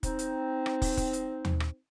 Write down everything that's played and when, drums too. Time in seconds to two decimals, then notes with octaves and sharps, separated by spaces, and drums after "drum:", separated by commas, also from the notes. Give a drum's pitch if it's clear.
0.03 C4 D#4, drum: kick, hi-hat
0.19 drum: hi-hat
0.66 drum: rim click
0.82 drum: kick, open hi-hat
0.97 drum: kick, hi-hat
1.13 drum: hi-hat
1.45 drum: tom
1.60 drum: rim click